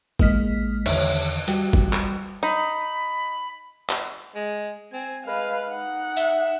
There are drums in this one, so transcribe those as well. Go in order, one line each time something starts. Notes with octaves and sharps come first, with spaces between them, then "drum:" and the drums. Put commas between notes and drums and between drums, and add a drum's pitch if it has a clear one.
A1 G#3 A#3 D#5 F6 B6, drum: kick G1
E2 D3 D#3 C#5 E5, drum: cymbal
G3 F#4 G5, drum: hi-hat
drum: kick G1
drum: clap
D#4 B5
drum: clap
G#3
C4 G#5
G#3 B4 F5
D#4 F#5
E5, drum: tambourine